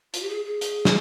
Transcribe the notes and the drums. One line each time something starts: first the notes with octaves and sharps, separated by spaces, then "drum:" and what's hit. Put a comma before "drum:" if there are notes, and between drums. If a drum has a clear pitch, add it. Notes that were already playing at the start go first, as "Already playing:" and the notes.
F4, drum: hi-hat
G4
G#4
G#4
drum: hi-hat
drum: snare